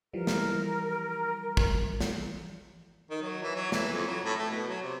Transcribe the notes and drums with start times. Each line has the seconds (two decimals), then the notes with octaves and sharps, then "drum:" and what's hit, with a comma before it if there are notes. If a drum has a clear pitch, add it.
0.13 E3 F3 G3 A#4
0.27 drum: snare
1.57 drum: kick
2.01 drum: snare
3.10 D#3
3.22 F#3
3.43 E3
3.55 F#3
3.72 E3, drum: snare
3.93 F2
4.07 F#3
4.24 A2
4.39 A3
4.50 B2
4.69 F#3
4.82 C3